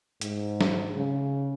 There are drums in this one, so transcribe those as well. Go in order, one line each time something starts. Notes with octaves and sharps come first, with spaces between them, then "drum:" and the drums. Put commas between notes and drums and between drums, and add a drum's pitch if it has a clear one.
G#2, drum: hi-hat
drum: snare
C#3